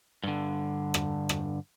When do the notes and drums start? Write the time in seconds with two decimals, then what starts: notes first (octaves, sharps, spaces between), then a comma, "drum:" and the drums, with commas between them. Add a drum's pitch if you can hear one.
0.24 G2 D3
0.94 drum: rim click
1.29 drum: rim click